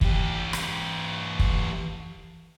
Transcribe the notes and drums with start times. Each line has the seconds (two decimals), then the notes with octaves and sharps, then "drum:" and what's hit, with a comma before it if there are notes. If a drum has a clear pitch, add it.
0.01 E3 G4, drum: kick
0.53 drum: rim click
1.39 drum: kick